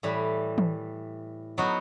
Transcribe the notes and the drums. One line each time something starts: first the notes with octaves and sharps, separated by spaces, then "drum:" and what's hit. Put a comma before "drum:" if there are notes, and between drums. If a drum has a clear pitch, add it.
A2 E3 G3
drum: tom
F#3 B3 D#4 F#4